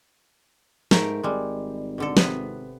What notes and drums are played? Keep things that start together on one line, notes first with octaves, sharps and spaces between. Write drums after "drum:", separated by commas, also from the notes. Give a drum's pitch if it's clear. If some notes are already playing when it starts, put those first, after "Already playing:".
G#2 A3 A#4 G5, drum: snare
G#1 G3 G#3
B2 D3 A4
C3 B3 B4, drum: snare